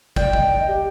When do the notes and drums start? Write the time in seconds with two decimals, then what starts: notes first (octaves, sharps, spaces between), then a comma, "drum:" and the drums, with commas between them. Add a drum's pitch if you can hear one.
0.16 D5 G5, drum: kick
0.33 D#5, drum: kick
0.67 G4